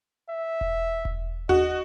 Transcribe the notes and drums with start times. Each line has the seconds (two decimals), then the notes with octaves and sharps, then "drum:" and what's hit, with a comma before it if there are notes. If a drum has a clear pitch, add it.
0.30 E5
0.61 drum: kick E1
1.05 drum: kick E1
1.49 F#4 D#5, drum: tom D#2